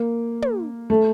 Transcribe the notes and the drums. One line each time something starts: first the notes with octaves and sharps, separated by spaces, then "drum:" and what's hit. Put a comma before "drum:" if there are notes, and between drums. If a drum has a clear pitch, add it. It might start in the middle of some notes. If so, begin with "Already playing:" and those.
Already playing: A#3
drum: tom
A3